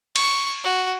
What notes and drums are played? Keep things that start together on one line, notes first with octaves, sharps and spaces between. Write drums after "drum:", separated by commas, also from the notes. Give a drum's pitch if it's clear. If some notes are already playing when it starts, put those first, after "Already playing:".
C#6, drum: cymbal
F#4